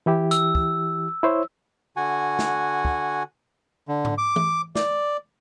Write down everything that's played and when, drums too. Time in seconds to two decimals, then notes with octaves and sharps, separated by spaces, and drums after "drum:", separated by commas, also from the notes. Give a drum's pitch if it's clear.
0.06 E3 E4 G4
0.31 E6, drum: hi-hat
0.55 drum: kick
1.23 E4 C5 C#5
1.97 D3 F#4 F#5 G#5
2.39 drum: snare
2.85 drum: kick
3.88 D3
4.05 drum: tom G#2
4.18 D6
4.36 drum: tom E3
4.75 D5, drum: snare